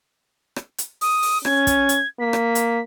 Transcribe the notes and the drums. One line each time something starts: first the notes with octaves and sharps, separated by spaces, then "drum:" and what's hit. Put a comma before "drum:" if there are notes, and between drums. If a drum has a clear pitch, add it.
drum: rim click
drum: hi-hat
D#6, drum: open hi-hat
drum: open hi-hat
C#4 G#6, drum: rim click
drum: kick, hi-hat
drum: hi-hat
A#3 B6
drum: rim click
drum: hi-hat